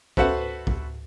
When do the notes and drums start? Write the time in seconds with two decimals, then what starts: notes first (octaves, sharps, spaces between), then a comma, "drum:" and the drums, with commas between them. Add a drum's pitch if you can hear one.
0.17 F#4 A4 B4 C5 E5 F#5, drum: kick
0.67 drum: kick